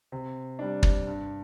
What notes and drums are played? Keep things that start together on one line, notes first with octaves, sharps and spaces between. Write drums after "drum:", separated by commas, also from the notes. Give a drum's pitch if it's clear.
C3
G3 D4
drum: kick
G2